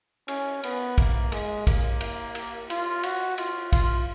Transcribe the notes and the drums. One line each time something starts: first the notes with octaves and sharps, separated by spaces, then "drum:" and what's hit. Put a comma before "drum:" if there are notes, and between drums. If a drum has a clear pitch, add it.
C#4, drum: cymbal
B3, drum: cymbal
A#3, drum: kick, cymbal
G#3, drum: cymbal
A#3, drum: kick, cymbal
drum: cymbal
drum: cymbal
F4, drum: cymbal
F#4, drum: cymbal
F4, drum: cymbal
F4, drum: kick, cymbal